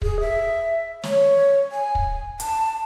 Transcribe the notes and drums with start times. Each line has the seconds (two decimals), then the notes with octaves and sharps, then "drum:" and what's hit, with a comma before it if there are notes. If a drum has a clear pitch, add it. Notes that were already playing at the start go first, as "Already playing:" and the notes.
0.02 G#4, drum: kick
0.21 E5
1.03 C#5, drum: snare
1.71 G#5
1.95 drum: kick
2.40 A5, drum: hi-hat